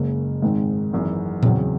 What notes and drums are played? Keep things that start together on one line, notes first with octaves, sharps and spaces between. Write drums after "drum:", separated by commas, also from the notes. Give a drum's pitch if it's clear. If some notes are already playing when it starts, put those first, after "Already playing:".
Already playing: F#1 F#2 C#3 G#3
G#1 G#2 D#3 G#3 C4
G#1 F#2 E3 G#3
E2 C#3 F#3 C4, drum: tom A#2